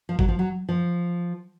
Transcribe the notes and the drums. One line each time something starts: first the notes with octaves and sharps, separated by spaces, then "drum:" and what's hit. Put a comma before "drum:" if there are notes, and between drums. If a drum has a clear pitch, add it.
F3
F#3, drum: kick
F3
F#3
F3